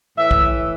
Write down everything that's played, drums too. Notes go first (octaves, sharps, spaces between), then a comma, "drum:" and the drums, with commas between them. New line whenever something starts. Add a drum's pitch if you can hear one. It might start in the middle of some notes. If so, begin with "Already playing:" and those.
A2 E3 E5
drum: kick